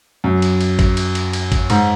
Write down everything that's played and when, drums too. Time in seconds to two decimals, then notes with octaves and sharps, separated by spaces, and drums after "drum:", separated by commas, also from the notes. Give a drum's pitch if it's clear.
0.24 F#2
0.42 drum: cymbal
0.61 drum: cymbal
0.79 drum: kick A1, cymbal
0.97 drum: cymbal
1.15 drum: cymbal
1.33 drum: cymbal
1.52 drum: kick A1, cymbal
1.70 G#2, drum: cymbal